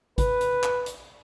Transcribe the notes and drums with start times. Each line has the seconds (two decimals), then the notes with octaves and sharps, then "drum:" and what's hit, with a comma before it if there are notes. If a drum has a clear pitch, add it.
0.18 B4, drum: kick G#1, hi-hat
0.41 drum: hi-hat
0.63 drum: clap
0.86 drum: hi-hat